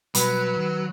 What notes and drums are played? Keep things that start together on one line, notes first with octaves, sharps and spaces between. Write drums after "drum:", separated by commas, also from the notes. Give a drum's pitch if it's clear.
B2 F#3 G3 B4 B5, drum: hi-hat
D#3